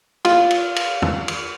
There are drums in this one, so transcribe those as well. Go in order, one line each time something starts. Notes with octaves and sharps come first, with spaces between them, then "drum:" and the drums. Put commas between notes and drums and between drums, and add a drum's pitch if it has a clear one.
F4, drum: cymbal
drum: cymbal
drum: cymbal
drum: tom
drum: cymbal